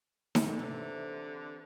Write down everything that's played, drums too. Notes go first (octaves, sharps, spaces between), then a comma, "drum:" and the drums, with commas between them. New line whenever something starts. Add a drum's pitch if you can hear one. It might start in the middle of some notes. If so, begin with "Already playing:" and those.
G#2, drum: snare D#4
D3
C3 E3